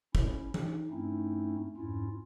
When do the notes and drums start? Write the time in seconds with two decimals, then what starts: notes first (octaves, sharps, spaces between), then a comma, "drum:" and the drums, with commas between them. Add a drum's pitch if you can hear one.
0.15 C#4 E4, drum: kick
0.54 D#4, drum: tom E3
0.91 G2 A3 C4 C#4 D#4 E4
1.77 F2 G#2 C#4 E4 F4